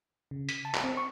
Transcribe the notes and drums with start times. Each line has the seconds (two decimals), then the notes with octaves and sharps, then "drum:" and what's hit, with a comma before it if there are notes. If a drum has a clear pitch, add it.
0.31 C#3
0.49 B6, drum: hi-hat
0.65 A5
0.75 drum: clap
0.84 C4
0.97 C#6